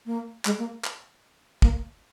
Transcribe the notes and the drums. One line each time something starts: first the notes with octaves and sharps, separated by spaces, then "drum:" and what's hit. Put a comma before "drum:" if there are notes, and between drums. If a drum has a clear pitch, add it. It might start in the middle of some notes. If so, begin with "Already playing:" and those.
A#3
G#3, drum: clap
A#3
drum: clap
A#3, drum: kick